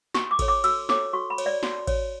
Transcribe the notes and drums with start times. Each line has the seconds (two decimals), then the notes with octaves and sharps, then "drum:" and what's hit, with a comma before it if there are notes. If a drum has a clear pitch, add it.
0.14 F#4 C#6, drum: snare
0.31 D6
0.39 A4 C#5, drum: kick A1, cymbal
0.48 D6
0.64 F#4 E6, drum: cymbal
0.89 A4 C#5 D6, drum: snare
1.13 F#4 C#6
1.30 B5
1.38 C#5, drum: cymbal
1.46 D5
1.63 F#4, drum: snare
1.87 C#5, drum: kick A1, cymbal